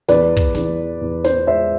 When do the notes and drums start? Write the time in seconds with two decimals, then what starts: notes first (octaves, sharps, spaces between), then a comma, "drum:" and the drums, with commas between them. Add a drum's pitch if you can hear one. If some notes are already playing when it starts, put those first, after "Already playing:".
0.08 E2 B4 D5, drum: snare
0.37 drum: kick
0.55 E2, drum: snare
1.01 E2
1.24 C5, drum: snare
1.47 G#3 C5 E5